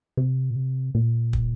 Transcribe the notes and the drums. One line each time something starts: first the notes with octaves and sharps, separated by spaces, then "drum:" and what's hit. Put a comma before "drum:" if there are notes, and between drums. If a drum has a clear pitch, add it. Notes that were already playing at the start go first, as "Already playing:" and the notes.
C3
A#2
C3
A#2
drum: kick